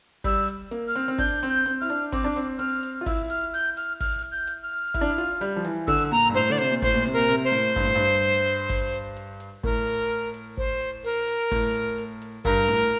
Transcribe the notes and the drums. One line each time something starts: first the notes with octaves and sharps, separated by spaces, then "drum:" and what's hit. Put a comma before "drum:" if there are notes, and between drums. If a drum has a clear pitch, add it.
G3 E6, drum: kick G1, open hi-hat
drum: hi-hat
A#3, drum: hi-hat
F6
C4, drum: hi-hat
C4
D4 G6, drum: kick G1, open hi-hat
C4, drum: hi-hat
G6
C4, drum: hi-hat
E4 F6
D4, drum: hi-hat
C4 D6, drum: kick G1, open hi-hat
D4
C4, drum: hi-hat
C4 F6, drum: hi-hat
drum: hi-hat
F4
E4 E6, drum: kick G1, open hi-hat
F6, drum: hi-hat
G6, drum: hi-hat
F6, drum: hi-hat
F6, drum: kick G1, open hi-hat
G6
drum: hi-hat
F6
E4, drum: kick G1, open hi-hat
D4
E4
F4, drum: hi-hat
G3, drum: hi-hat
F3
E3, drum: hi-hat
D3 E6, drum: kick G1, open hi-hat
A#2 A#5
G2
A2 C5, drum: hi-hat
D3 D5
C3 C5, drum: hi-hat
A#2
A2 C5, drum: kick G1, open hi-hat
A#2
C3, drum: hi-hat
A#2 A#4
C3, drum: hi-hat
C5
A2, drum: hi-hat
G2, drum: kick G1, open hi-hat
A2
G2
drum: hi-hat
drum: hi-hat
drum: kick G1, open hi-hat
drum: hi-hat
drum: hi-hat
drum: hi-hat
A2 A#4, drum: kick G1
drum: hi-hat
drum: hi-hat
C5, drum: kick G1
drum: hi-hat
A#4, drum: hi-hat
drum: hi-hat
A2, drum: kick G1, open hi-hat
drum: hi-hat
drum: hi-hat
drum: hi-hat
G2 A#4, drum: kick G1, open hi-hat
A2, drum: hi-hat